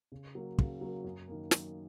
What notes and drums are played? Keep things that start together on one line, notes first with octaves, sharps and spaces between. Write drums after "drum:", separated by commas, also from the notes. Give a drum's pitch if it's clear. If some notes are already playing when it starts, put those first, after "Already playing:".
C#3
F#3 A#3
C#3, drum: kick
F#3 A#3
F#2
D#3 A#3
F#2, drum: snare